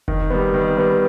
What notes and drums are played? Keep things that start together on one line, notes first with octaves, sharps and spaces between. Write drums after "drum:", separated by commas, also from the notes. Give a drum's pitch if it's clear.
D#3, drum: kick F1
G3 B3
D#3
G3 B3